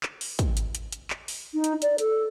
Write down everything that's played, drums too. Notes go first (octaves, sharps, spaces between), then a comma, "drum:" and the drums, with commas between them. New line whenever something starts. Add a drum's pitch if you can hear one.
drum: clap
drum: open hi-hat
drum: kick, hi-hat
drum: hi-hat
drum: hi-hat
drum: hi-hat
drum: clap
drum: open hi-hat
D#4
drum: hi-hat
D5, drum: hi-hat
A4, drum: hi-hat